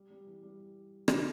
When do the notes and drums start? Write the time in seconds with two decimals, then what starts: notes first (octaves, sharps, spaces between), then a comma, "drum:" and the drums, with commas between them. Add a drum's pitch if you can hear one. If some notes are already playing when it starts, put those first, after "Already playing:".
Already playing: G3
0.10 G3
0.27 E3
0.43 G3
1.08 drum: rim click